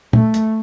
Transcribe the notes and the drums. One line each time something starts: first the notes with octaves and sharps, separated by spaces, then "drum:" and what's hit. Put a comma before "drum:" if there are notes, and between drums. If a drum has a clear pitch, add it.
A3, drum: tom
drum: hi-hat